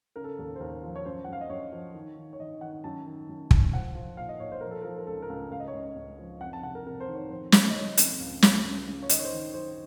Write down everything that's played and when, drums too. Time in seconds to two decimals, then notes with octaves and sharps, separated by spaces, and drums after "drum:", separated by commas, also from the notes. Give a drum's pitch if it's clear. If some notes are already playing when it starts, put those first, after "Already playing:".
0.16 C#3 A#4
0.24 A4
0.39 D#2 A4
0.56 C5
0.60 D#2 A#4
0.83 F3
0.96 C#5
1.05 F#2 C5
1.24 F#5
1.28 F#2 F5
1.41 D#5
1.49 F#2 C#5
1.72 F3
1.94 D#3
2.17 D#3
2.33 C#5
2.39 D#3 D#5
2.61 D#3 F#5
2.84 F#2 A5
3.07 D#3
3.29 F#2
3.51 F#2, drum: kick
3.73 F3 F#5
3.95 F3
4.17 A#2 F5
4.29 D#5
4.40 A#2 C#5
4.52 C5
4.61 F3 A#4
4.71 A4
4.81 F3 A#4
4.98 A#4
5.07 C#2 A4
5.22 A#4
5.29 C#2
5.52 C#2 F5
5.60 D#5
5.68 C#5
5.74 C#2 D#5
5.96 C#2
6.19 F3
6.41 F2 F#5
6.53 A5
6.63 C3 F#5
6.75 A#4
6.86 C3 A#4
7.00 C5
7.08 D#3
7.15 C#5
7.30 F2 C5
7.52 C#3, drum: snare
7.70 D#5
7.75 C#3 C#5
7.97 F2, drum: hi-hat
8.20 C#2
8.42 C#3, drum: snare
8.65 C#2
8.87 C#3
9.03 C#5
9.09 D#3 D#5, drum: hi-hat
9.19 C#5
9.24 C5
9.32 D#3
9.54 F#2 C5